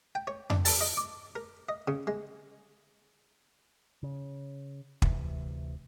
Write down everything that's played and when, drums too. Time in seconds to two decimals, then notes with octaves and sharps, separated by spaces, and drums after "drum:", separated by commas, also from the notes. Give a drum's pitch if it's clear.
0.15 G5
0.27 C#5
0.50 D4, drum: tom F2
0.65 A5, drum: open hi-hat
0.81 D#5
0.97 D6
1.36 A#4
1.69 D#5
1.88 C#3
2.07 G#3
4.03 C#3
5.02 D2 C3 E3, drum: kick